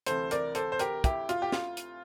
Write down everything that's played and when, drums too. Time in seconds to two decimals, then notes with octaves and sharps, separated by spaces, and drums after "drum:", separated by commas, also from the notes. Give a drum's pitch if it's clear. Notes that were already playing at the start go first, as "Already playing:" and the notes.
0.06 D2 C3 E3 A4 C5, drum: hi-hat
0.31 A#4 D5, drum: hi-hat
0.55 A4 C5, drum: hi-hat
0.72 C5
0.79 G4 A#4, drum: hi-hat
1.04 E4 G4, drum: kick, hi-hat
1.29 F4, drum: hi-hat
1.42 G4
1.52 F4, drum: snare
1.77 drum: hi-hat